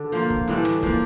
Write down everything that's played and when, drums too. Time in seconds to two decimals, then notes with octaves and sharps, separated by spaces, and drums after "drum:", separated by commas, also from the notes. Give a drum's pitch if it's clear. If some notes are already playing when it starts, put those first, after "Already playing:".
Already playing: D3 D4
0.12 F3 A#3 F4, drum: hi-hat
0.30 drum: kick
0.48 A2 E3 G3 D4, drum: hi-hat
0.65 drum: rim click
0.83 F3 A#3 D4, drum: kick, hi-hat